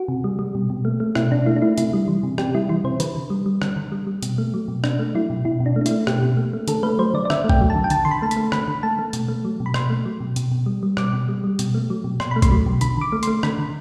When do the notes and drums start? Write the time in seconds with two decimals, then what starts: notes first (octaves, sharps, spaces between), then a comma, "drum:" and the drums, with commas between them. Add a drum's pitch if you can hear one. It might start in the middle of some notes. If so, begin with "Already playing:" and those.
Already playing: F#4
0.08 C3
0.24 G3
0.39 G3
0.55 B2
0.70 B2
0.85 A3
1.00 A3
1.15 B2 E4, drum: rim click
1.31 B2 D4
1.46 A3 E4
1.56 D4
1.62 A3 E4
1.78 C3 E4, drum: hi-hat
1.93 G3
2.08 E3
2.23 C3
2.38 C3 G4, drum: rim click
2.54 G3 E4
2.69 E3 E4
2.84 C3 C5
3.00 D3 B4, drum: hi-hat
3.16 D3
3.30 G3
3.46 G3
3.62 D3, drum: rim click
3.76 D3
3.92 G3
4.07 G3
4.23 B2, drum: hi-hat
4.38 A3
4.54 F#3
4.68 B2
4.84 B2 D4, drum: rim click
4.99 A3
5.15 F#3 E4
5.30 B2
5.45 B2 E4
5.60 B2
5.66 D4
5.76 A3
5.81 D4
5.86 E4, drum: hi-hat
5.91 A3
6.07 B2 G4, drum: rim click
6.23 B2
6.37 A3
6.53 A3
6.68 D3 A4, drum: hi-hat
6.83 A3 B4
6.99 F#3 C5
7.14 D3 D5
7.25 D5
7.30 D3 E5, drum: rim click
7.44 A3
7.49 G5, drum: kick A#1
7.61 F#3
7.70 A5
7.75 D3
7.84 G5
7.90 D3 A5, drum: hi-hat
8.05 D3 C6
8.11 B5
8.22 A3 A5
8.31 B5, drum: hi-hat
8.37 A3
8.52 D3 B5, drum: rim click
8.68 D3
8.83 A3 A5
8.99 A3
9.13 B2, drum: hi-hat
9.28 A3
9.45 F#3
9.60 B2
9.66 B5
9.74 B2 C6, drum: rim click
9.90 A3
10.05 F#3
10.20 B2
10.36 B2, drum: hi-hat
10.52 B2
10.66 G3
10.83 G3
10.97 B2 D6, drum: rim click
11.13 B2
11.28 G3
11.44 G3
11.59 B2, drum: hi-hat
11.74 A3
11.90 F#3
12.04 B2
12.20 B2 C6, drum: rim click
12.31 A3 B5
12.42 C6, drum: kick A#1, hi-hat
12.51 F#3
12.66 B2
12.81 D3 B5, drum: hi-hat
12.97 D3 D6
13.12 A3
13.23 A3 C6, drum: hi-hat
13.43 D3 B5, drum: rim click
13.59 D3